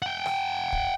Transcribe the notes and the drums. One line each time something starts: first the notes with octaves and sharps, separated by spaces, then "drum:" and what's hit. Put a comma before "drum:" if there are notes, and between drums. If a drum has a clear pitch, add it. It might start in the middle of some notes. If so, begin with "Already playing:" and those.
F#5 G5
drum: rim click
drum: kick